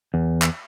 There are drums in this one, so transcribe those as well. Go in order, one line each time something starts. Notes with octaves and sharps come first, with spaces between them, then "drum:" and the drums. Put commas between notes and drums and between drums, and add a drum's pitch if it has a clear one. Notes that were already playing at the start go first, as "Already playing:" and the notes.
E2
drum: clap